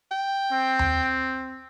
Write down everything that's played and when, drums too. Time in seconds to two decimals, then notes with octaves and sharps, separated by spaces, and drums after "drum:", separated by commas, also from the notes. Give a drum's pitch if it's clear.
0.11 G5
0.52 C4
0.79 drum: tom D#2